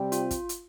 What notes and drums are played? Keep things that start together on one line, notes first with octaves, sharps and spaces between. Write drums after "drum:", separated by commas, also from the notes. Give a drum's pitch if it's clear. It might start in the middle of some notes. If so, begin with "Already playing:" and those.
Already playing: C3 G3 C4 G4
F4, drum: hi-hat
drum: kick, hi-hat
drum: hi-hat